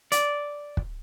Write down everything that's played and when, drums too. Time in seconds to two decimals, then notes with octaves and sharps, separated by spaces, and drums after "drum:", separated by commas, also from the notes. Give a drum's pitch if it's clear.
0.12 D5, drum: hi-hat
0.77 drum: kick